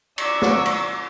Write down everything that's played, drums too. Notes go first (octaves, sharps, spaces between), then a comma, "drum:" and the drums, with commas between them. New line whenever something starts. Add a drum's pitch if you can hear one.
D5 A#5 C#6 E6, drum: cymbal
drum: snare
drum: cymbal